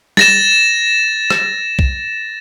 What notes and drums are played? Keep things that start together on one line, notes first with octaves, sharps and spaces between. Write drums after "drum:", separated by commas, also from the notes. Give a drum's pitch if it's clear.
A6 A#6 E7, drum: snare
drum: rim click
drum: kick